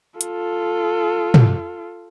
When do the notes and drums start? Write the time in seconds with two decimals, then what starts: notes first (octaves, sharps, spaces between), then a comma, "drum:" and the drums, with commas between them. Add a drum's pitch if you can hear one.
0.21 F4 A4, drum: hi-hat
1.34 drum: tom